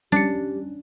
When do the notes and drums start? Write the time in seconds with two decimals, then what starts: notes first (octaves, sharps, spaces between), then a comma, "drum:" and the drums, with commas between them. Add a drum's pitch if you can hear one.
0.12 C#4 D4 G4 A6 C#7, drum: tom G3